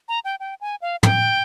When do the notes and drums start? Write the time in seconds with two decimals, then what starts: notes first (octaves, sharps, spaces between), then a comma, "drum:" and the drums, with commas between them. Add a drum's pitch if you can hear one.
0.08 A#5
0.25 G5
0.40 G5
0.61 G#5
0.82 F5
1.03 G5, drum: tom